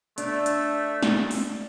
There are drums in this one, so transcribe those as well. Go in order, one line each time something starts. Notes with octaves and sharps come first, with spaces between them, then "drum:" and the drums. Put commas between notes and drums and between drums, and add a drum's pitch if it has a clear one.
A3 D4, drum: hi-hat
drum: hi-hat
drum: snare
drum: open hi-hat